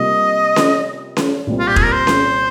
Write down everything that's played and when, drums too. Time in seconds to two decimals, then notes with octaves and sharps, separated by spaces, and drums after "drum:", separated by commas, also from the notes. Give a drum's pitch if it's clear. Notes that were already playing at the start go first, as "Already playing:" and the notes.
Already playing: C3 G3 A#3 F4 D#5
0.56 drum: snare C#4
1.17 drum: snare C#4
1.47 C2 A#2 G3 C4
1.59 F4
1.68 G4
1.76 G#4, drum: kick
1.84 A#4
1.93 C5
2.07 drum: snare C#4